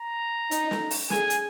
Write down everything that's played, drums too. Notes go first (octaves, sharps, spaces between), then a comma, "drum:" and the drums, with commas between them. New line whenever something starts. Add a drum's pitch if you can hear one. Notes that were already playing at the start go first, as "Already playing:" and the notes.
Already playing: A#5
D#4, drum: hi-hat
drum: snare
drum: open hi-hat
G#4 G#5, drum: snare
drum: hi-hat